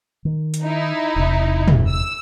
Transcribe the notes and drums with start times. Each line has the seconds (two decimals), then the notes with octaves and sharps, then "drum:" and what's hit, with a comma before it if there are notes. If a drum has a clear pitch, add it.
0.25 D#3
0.54 drum: hi-hat
0.64 D#4 E4
1.16 E1 C3
1.68 drum: tom
1.89 E6